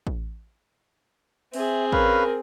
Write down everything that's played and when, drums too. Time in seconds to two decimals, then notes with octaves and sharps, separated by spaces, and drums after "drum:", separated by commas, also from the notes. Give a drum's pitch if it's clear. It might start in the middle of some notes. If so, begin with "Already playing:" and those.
0.07 drum: kick A1
1.53 C4 G#4 E5, drum: open hi-hat
1.92 C#4 A#4 B4 F5, drum: kick A1